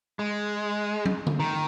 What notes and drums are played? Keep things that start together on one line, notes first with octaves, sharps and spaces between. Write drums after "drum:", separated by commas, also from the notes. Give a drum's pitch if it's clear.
G#3
drum: tom
drum: tom D3
D#3